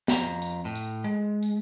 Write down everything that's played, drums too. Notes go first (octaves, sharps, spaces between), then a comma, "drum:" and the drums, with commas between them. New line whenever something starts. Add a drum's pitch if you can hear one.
F2 A#5, drum: snare
drum: tambourine
A2
drum: tambourine
G#3
drum: tambourine